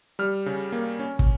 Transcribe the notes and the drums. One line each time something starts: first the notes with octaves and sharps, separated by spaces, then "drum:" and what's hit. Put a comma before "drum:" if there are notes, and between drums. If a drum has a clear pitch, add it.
G3 F6
C#3
A#3
C#4
drum: kick